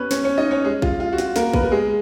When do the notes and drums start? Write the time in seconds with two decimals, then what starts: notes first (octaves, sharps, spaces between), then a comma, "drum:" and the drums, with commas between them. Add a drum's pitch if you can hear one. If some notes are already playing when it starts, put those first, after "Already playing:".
Already playing: B3 C#4 B4 C#5
0.11 C#4 C#5, drum: snare
0.24 C#4 C#5
0.38 D#4 D#5
0.51 C#4 C#5
0.64 G#3 G#4
0.82 F4, drum: kick
1.00 F4
1.13 F#4
1.18 F4, drum: snare
1.36 A#3 A#4, drum: snare
1.54 B3 B4, drum: kick
1.64 A#4
1.72 G#3 G#4